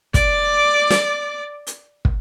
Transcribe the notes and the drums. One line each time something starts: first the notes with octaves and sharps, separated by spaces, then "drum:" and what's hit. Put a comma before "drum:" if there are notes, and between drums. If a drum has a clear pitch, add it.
D5 D6, drum: kick, hi-hat
drum: snare
drum: hi-hat
drum: kick